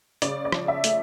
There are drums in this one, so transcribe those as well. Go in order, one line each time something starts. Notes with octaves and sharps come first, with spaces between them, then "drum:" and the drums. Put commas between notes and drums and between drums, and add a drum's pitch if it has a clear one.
C#3 D5, drum: hi-hat
D5
F3, drum: rim click
E5
A3, drum: hi-hat